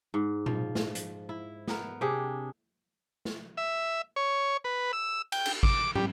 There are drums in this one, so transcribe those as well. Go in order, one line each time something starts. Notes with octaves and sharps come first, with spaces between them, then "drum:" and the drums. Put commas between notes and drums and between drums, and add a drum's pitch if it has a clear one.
G#2
F3, drum: tom A#2
drum: snare
drum: hi-hat
E4
B3 A#4, drum: snare
C3 D4 G4 G#4
drum: snare
E5
C#5
B4
E6
G5, drum: cymbal
drum: cymbal
D6, drum: kick
G3, drum: tom